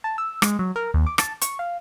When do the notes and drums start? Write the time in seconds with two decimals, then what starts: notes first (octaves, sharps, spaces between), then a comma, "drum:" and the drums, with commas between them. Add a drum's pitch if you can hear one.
0.04 A5
0.18 E6
0.42 G#3, drum: rim click
0.59 F#3
0.76 A#4
0.94 D#2
1.07 D6
1.18 A5, drum: rim click
1.42 C#6, drum: hi-hat
1.59 F5